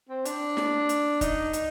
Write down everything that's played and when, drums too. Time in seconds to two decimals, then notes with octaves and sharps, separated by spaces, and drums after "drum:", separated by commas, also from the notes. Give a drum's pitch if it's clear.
0.09 C4
0.25 D4, drum: hi-hat
0.57 drum: snare
0.89 drum: hi-hat
1.21 D#4, drum: kick, hi-hat
1.53 drum: hi-hat